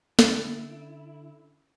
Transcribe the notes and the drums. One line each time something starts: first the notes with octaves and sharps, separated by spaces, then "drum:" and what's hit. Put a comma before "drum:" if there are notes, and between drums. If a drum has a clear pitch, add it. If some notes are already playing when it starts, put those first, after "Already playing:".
D3 C#4 E4 A6, drum: snare